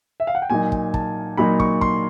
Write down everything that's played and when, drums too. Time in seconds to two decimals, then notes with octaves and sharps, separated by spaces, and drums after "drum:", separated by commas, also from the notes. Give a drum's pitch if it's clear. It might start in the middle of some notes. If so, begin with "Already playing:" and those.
0.20 E5
0.27 F5
0.35 F#5
0.42 G5
0.50 A#2 F#3 A#3 D#4 G#5
0.72 drum: kick
0.94 A5, drum: kick
1.37 A#2 F#3 A#3 D#4 B5
1.60 C#6, drum: kick
1.81 C6, drum: kick